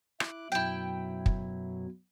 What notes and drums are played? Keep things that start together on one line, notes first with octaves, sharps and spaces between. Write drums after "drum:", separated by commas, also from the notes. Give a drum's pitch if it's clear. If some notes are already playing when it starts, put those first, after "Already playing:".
E4 D6 F#6, drum: rim click
F#2 B2 F#3 E4 G5
drum: kick